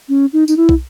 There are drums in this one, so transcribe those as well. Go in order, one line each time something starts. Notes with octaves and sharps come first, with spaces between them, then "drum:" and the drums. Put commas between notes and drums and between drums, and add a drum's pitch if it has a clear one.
C#4
D#4
D#4, drum: tambourine
E4
drum: kick